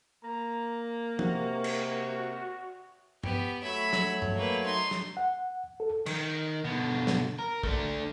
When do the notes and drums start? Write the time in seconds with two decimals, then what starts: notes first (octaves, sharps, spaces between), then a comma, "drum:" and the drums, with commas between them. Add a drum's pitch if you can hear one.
0.23 A#3 A#5
1.19 C3 F#4, drum: tom
1.64 drum: cymbal
3.23 B3 G4, drum: tom
3.63 F#3 A3 C#5 E5 B5
3.93 drum: snare
4.22 drum: tom
4.35 A#3 B4
4.64 D#4 C6
4.91 drum: snare
5.17 F#5
5.80 A4
6.06 D#3, drum: cymbal
6.64 B2 D3
7.07 drum: snare
7.39 A#4
7.63 A3 D4, drum: kick